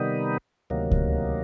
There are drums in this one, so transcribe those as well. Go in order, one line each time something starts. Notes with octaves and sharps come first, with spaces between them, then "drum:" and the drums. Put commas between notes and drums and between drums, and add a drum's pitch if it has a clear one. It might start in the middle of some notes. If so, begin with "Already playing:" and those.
Already playing: C3 D#3 G3 B3 D#4
D2 C3 D#3 F#3 A#3
drum: kick C#2